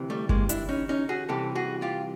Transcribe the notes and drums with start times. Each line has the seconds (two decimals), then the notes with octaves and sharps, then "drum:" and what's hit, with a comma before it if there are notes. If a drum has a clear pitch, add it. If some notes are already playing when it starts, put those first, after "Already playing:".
Already playing: D2 C3 E3
0.10 G3 A3
0.29 G#3 A#3, drum: kick G1
0.49 D4 E4, drum: hi-hat
0.69 C#4 D#4
0.89 C#4 D#4
1.09 F#4 G#4
1.28 C2 C3 E3 G4 A4
1.55 F#4 G#4
1.82 F4 G4